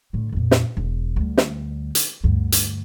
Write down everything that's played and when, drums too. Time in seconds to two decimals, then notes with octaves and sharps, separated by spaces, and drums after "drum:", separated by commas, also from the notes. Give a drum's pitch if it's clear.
0.13 A2 D3
0.32 F2 A#2
0.51 drum: snare
0.77 E1
1.16 D2 G3
1.37 drum: snare
1.95 drum: hi-hat
2.24 D2 G2
2.52 drum: hi-hat